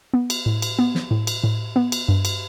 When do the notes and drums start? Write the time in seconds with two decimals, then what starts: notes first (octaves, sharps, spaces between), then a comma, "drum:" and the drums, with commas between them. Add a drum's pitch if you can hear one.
0.14 B3
0.30 drum: cymbal
0.46 A2
0.62 drum: cymbal
0.79 B3
0.95 drum: snare
1.11 A2
1.27 drum: cymbal
1.44 A2
1.76 B3
1.92 drum: cymbal
2.08 G2
2.25 drum: cymbal